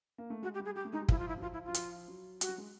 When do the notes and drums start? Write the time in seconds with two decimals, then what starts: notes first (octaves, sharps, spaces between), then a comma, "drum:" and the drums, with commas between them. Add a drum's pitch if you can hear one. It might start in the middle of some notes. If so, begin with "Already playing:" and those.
0.18 A#3
0.30 A3
0.42 G#3 F#4
0.54 G4
0.60 G3
0.65 G#4
0.75 G3 G4
0.85 A3
0.92 G#3 D#4
1.01 G3
1.09 F3 E4, drum: kick
1.18 F4
1.28 E4
1.38 F#3
1.42 F3 F4
1.53 E4
1.65 F#3 F4
1.74 F3, drum: hi-hat
2.08 F#3
2.41 G3 F#4, drum: hi-hat
2.49 F#3
2.58 G#3